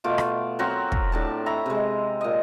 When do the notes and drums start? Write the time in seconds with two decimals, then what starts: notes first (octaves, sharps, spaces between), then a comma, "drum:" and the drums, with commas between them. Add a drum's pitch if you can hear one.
0.04 B2 A3 F4 D6
0.18 drum: rim click
0.59 F#3 C4 F#4 A#4
0.92 drum: kick
1.12 A2 D4 G4 A5
1.46 C#5 E5 A#5 B5
1.66 C3 G#3
2.21 A#2 D#5